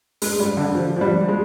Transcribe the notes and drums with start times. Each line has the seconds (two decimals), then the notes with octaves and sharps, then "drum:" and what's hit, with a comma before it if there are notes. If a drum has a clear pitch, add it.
0.22 G#3, drum: open hi-hat
0.40 G3
0.57 D3
0.75 F3
0.96 F3
1.01 G3
1.29 G#3